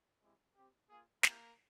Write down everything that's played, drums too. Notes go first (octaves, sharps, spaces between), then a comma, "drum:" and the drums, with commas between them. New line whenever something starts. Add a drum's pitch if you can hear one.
G#3 C4 E4 G4
C4 G4
A#3 F4 G#4
A#3 C4 E4 G4 A#4, drum: snare